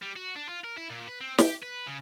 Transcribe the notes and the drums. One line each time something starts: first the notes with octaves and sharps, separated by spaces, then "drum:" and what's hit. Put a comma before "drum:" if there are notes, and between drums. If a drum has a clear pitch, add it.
G3
F#4
D4
F4
A#4
E4
A#2
B4
C4
G4, drum: snare
B4
C#3